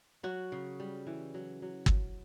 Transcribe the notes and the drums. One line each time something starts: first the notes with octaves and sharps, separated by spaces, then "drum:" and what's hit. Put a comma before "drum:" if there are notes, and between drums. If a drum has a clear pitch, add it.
F#3 F#4
C#3
G3
E3
F#3
F#3
drum: kick G1